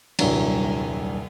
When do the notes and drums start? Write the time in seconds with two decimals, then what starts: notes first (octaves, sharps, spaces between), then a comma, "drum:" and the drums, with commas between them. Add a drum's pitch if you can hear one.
0.19 D#1 C2 G2 F#3, drum: cymbal